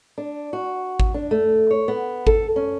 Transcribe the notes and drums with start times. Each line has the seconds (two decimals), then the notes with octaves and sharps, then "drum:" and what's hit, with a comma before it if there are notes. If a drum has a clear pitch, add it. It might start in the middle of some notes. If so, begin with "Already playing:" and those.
0.18 D4
0.53 F#4
1.00 drum: kick G#1
1.14 D4
1.31 A3
1.71 C#5
1.88 B3
2.27 A4, drum: kick G#1
2.56 C#4